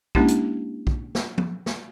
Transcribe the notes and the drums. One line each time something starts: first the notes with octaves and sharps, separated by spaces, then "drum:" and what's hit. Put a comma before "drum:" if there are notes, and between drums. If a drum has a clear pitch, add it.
G#3 A#3 C#4 D4 E4 G4, drum: kick
drum: hi-hat
drum: kick
drum: snare
drum: tom F3
drum: snare